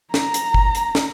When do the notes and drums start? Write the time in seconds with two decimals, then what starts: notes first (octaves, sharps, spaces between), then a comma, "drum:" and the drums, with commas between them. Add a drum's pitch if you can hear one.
0.14 A#5, drum: snare
0.34 drum: hi-hat
0.54 drum: kick
0.75 drum: hi-hat
0.95 drum: snare